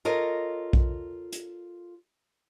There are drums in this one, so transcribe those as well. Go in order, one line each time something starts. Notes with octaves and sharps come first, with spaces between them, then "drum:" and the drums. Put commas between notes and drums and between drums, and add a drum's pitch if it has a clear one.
F4 A4 A#4 C#5 D#5
drum: kick B1
drum: hi-hat